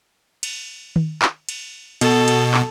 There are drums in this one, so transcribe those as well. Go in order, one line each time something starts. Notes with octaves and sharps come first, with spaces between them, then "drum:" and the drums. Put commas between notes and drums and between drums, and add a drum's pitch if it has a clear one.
drum: cymbal
drum: tom D#3
drum: clap
drum: cymbal
B2 A4, drum: cymbal
drum: cymbal
drum: clap